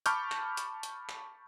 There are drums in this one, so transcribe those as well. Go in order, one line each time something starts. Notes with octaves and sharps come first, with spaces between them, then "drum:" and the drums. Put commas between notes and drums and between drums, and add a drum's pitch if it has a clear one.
A5 B5 C#6 D6 F6 G6, drum: hi-hat
drum: clap
drum: hi-hat
drum: hi-hat
drum: clap